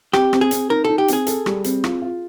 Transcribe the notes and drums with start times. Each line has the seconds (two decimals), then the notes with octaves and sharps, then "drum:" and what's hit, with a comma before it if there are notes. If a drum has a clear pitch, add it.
0.13 C4 G4, drum: rim click
0.33 C4, drum: rim click
0.41 G#4
0.51 C4, drum: hi-hat
0.70 D#4 A#4
0.85 D#4 A4
0.98 G4
1.08 C4 G#4, drum: hi-hat
1.27 A4, drum: hi-hat
1.46 G3, drum: rim click
1.64 C4, drum: hi-hat
1.84 F4, drum: rim click
2.02 F4